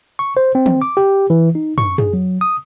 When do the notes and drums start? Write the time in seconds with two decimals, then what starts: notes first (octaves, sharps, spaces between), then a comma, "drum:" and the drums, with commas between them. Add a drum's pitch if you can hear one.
0.19 C#6
0.37 C5
0.55 C4
0.66 drum: tom
0.82 D6
0.97 G4
1.30 E3
1.55 D#4
1.78 C#6, drum: tom
1.98 G#4, drum: tom
2.13 F#3
2.41 D#6